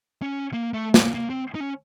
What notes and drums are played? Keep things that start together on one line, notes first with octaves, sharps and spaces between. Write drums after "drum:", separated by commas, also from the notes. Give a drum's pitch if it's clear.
C#4
A#3
A3
A#3, drum: snare
A#3
C4
D#4
C#4